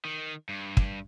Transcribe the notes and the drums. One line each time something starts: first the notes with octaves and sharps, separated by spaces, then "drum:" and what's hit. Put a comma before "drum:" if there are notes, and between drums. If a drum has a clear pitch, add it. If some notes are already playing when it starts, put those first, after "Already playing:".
D#3
G2
drum: kick